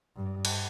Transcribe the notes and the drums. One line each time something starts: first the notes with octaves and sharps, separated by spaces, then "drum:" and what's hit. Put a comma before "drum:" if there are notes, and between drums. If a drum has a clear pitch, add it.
G2
drum: cymbal